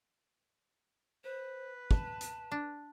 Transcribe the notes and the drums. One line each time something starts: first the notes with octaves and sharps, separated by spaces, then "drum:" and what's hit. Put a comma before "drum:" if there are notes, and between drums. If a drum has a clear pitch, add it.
B4 C5
A5, drum: kick
drum: hi-hat
D4